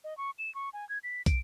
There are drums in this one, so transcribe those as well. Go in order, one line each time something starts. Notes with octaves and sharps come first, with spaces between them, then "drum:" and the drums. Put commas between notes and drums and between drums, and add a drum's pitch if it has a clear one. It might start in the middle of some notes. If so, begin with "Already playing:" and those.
D#5
C#6
E7
C#6
G#5
G#6
B6
D7, drum: kick, hi-hat